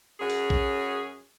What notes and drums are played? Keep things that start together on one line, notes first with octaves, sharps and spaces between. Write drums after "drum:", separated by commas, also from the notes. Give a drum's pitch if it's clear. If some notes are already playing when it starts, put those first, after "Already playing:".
F#2 C#4 F#4 G#4
drum: open hi-hat
drum: kick A#1